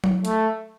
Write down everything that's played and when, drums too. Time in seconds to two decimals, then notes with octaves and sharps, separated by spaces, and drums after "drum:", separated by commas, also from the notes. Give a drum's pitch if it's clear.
0.04 drum: tom F#3
0.25 A3, drum: hi-hat